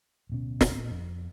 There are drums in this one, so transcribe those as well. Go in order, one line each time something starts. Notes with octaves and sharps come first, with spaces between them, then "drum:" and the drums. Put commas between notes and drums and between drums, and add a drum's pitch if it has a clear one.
D1 B2 C#4
drum: snare
A#2
F2